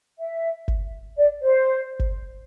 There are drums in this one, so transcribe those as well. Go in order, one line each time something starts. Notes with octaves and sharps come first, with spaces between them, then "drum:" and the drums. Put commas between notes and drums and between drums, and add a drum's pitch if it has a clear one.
E5
drum: kick G1
D5
C5
drum: kick G1